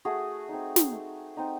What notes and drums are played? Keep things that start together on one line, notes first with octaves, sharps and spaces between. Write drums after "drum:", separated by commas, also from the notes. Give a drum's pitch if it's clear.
A3 F#4 G#4
C4 D#4
drum: snare
A3
C4 D#4